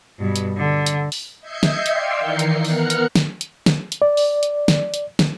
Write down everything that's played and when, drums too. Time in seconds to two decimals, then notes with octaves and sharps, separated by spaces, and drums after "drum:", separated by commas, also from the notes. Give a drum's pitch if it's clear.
0.19 G2 B2
0.36 drum: hi-hat
0.58 D3
0.86 drum: hi-hat
1.12 drum: open hi-hat
1.41 D#5 E5 G6 G#6 C7 C#7
1.63 drum: snare
1.86 D5 F5 G5 C6 E6, drum: hi-hat
2.18 D#3 E3 A#4 C7 C#7
2.39 drum: hi-hat
2.65 B3 A#4 F6 F#6 C#7, drum: open hi-hat
2.90 drum: hi-hat
3.15 drum: snare
3.41 drum: hi-hat
3.66 drum: snare
3.92 drum: hi-hat
4.02 D5
4.17 drum: open hi-hat
4.43 drum: hi-hat
4.68 drum: snare
4.94 drum: hi-hat
5.19 drum: snare